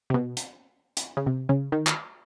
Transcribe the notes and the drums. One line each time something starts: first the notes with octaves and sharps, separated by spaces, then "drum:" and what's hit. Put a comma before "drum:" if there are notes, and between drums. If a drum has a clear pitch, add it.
C3
B2
drum: hi-hat
drum: hi-hat
C#3
C3
C#3
D#3
drum: clap